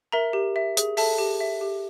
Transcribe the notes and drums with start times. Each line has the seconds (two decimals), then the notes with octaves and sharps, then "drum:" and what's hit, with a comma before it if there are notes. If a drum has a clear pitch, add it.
0.12 A#4 E5 A#5
0.33 G4
0.56 E5
0.77 G#4, drum: hi-hat
0.97 A4 E5 A5, drum: open hi-hat
1.19 G4
1.40 E5
1.61 G4